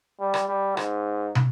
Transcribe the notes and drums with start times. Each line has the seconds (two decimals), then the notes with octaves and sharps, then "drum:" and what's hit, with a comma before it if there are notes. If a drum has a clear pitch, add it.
0.20 G3
0.34 drum: rim click
0.48 G3
0.77 G#2, drum: rim click
1.35 drum: tom